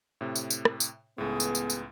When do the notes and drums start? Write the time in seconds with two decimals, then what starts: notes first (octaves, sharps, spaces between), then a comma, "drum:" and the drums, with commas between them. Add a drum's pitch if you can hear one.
0.21 A2 C3
0.36 drum: tambourine
0.50 drum: tambourine
0.65 drum: rim click
0.80 drum: tambourine
1.18 C#2 A2 B3 G#4
1.40 drum: tambourine
1.55 drum: tambourine
1.70 drum: tambourine